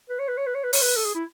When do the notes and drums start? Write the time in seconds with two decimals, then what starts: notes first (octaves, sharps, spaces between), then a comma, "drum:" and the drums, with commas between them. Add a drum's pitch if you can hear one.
0.09 B4
0.19 C#5
0.28 B4
0.37 C#5
0.46 B4
0.54 C#5
0.63 B4
0.73 C#5, drum: open hi-hat
0.81 B4
0.96 A4
1.05 G#4
1.15 E4